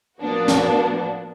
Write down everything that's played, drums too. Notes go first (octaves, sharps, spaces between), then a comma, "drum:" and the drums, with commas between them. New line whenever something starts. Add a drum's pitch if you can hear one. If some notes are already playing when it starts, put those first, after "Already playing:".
A2 F3 A#3 B3 D4 F#4
drum: snare